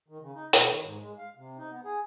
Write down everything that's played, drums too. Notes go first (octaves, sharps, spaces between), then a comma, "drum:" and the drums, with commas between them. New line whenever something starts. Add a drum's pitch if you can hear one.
D#3
C#3
D#4
B2, drum: hi-hat
D#3
G#2
G#3
F5
C3
D#4
B3
G#4